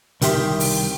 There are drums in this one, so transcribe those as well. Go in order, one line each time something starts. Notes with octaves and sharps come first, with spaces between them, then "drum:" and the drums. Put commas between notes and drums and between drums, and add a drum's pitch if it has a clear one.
C2 D#3 G4 E5 C6, drum: hi-hat
drum: open hi-hat